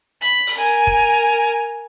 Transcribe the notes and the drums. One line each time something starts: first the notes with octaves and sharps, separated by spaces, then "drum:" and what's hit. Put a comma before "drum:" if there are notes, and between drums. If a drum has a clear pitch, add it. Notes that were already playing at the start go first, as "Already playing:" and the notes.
B5, drum: hi-hat
drum: open hi-hat
A#4 G#5
drum: kick